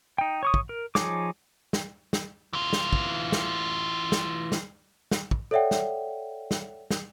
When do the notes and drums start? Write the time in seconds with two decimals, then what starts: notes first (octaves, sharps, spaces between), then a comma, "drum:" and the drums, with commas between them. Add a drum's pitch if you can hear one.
0.18 D#4 G5
0.43 C#5 C#6 D#6
0.54 drum: kick
0.69 A#4
0.95 F3 D#4 G#4 C#5 D6, drum: snare
1.73 drum: snare
2.13 drum: snare
2.53 E3 F4
2.73 drum: snare
2.93 drum: kick
3.32 drum: snare
4.12 drum: snare
4.52 drum: snare
5.11 drum: snare
5.31 drum: kick
5.51 A4 C#5 D5 E5 F#5 G5
5.71 drum: snare
6.51 drum: snare
6.90 drum: snare